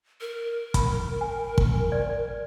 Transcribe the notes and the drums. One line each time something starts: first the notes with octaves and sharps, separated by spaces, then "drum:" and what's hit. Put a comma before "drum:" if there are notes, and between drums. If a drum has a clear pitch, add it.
A#4
B5, drum: kick, hi-hat
G#5
drum: kick
D5